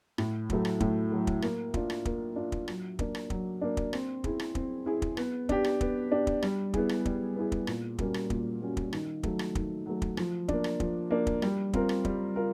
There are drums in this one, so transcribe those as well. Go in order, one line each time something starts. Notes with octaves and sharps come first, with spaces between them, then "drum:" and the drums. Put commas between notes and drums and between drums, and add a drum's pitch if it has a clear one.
A2, drum: rim click
F#3 A3, drum: kick
drum: rim click
A2, drum: kick
F#3 A3
drum: kick
A#3, drum: rim click
D4 F4, drum: kick
drum: rim click
A#3, drum: kick
D4 F4
drum: kick
F#3, drum: rim click
A#3 D4, drum: kick
drum: rim click
F#3, drum: kick
A#3 D4
drum: kick
C4, drum: rim click
E4 G#4, drum: kick
drum: rim click
C4, drum: kick
E4 G#4
drum: kick
B3, drum: rim click
D4 G4, drum: kick
drum: rim click
B3, drum: kick
D4 G4
drum: kick
G3, drum: rim click
B3 E4 G#4, drum: kick
drum: rim click
G3, drum: kick
B3 E4 G#4
drum: kick
A#2, drum: rim click
G3 A#3 C#4 F#4, drum: kick
drum: rim click
A#2, drum: kick
G3 A#3 C#4 F#4
drum: kick
D#3, drum: rim click
F#3 A3, drum: kick
drum: rim click
D#3, drum: kick
F#3 A3
drum: kick
F3, drum: rim click
A#3 D4, drum: kick
drum: rim click
F3, drum: kick
A#3 D4
drum: kick
G3, drum: rim click
C4 F4 A#4, drum: kick
drum: rim click
G3, drum: kick
F4 A#4